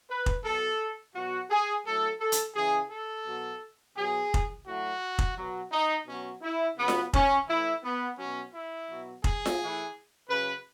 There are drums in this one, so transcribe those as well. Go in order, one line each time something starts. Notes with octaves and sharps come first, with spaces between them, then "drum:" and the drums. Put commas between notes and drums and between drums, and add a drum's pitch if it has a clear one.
B4
drum: kick F1
B2 F#3 A4
B2 F#3 F#4
G#4
A2 F#3 A4
A4
drum: hi-hat
C#3 E3 G#4
A4
B2 F#3
B2 F#3 G#4
drum: kick F1
A2 F#3 F#4
drum: kick F1
B2 F#3
D#4
B2 F#3 C#4
E4
C#3 F#3 B3
drum: snare F4
C#4, drum: kick F1
A2 E3 E4
B3
B2 F#3 C#4
E4
B2 F#3
G#4, drum: kick F1
drum: snare F4
A2 E3
C#3 F#3 B4